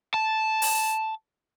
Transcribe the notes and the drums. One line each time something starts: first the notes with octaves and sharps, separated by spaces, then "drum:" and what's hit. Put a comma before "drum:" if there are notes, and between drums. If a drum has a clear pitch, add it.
A5
drum: open hi-hat